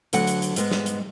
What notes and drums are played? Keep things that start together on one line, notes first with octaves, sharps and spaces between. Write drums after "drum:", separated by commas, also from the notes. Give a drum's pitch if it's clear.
D2 D3 F#3 F#5, drum: hi-hat
drum: hi-hat
drum: hi-hat
G#2 G#3 B3, drum: hi-hat
drum: snare
drum: hi-hat